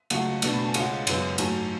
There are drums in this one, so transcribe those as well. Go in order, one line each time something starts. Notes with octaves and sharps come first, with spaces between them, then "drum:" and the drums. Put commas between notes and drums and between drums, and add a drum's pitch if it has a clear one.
C#2 C#3 F#3 A3 F#5, drum: cymbal
B2 A3 D4, drum: cymbal
B5
A5
G#5
C#2 C#3 G#3 F#5, drum: cymbal
F#2 C#3 G#3 B3, drum: cymbal
G#2 F#3 A3 G#5, drum: cymbal